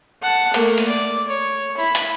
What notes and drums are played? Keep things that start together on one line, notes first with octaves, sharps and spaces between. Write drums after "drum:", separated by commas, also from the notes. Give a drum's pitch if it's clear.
F#5 A5
A3 A#3, drum: hi-hat
drum: open hi-hat
D5
C#5
E4 B5
drum: hi-hat